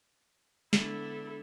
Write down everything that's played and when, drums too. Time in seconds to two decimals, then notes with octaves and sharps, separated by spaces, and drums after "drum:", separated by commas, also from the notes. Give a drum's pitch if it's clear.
0.73 D3 G#3 B3 D4 E4 A4 A6, drum: snare